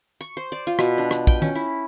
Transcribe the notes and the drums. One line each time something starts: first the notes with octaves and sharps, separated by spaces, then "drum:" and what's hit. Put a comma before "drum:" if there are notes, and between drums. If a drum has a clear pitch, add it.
C#6
C5
D5
F4
B2, drum: rim click
D4
drum: rim click
G5, drum: kick
C#4, drum: tom
E4